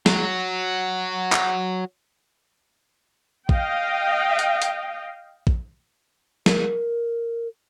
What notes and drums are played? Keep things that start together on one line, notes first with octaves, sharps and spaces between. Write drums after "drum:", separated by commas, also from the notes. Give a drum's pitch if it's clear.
F#3 F#4, drum: snare
drum: clap
D#5 F5 G5, drum: kick
drum: hi-hat
drum: hi-hat
drum: kick
A#4, drum: snare